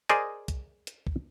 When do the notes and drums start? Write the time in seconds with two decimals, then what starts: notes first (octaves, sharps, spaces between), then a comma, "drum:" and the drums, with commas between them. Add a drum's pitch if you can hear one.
0.09 G#4 A#4 C5 D5 D#5 G#5, drum: hi-hat
0.48 drum: kick, hi-hat
0.87 drum: hi-hat
1.07 drum: kick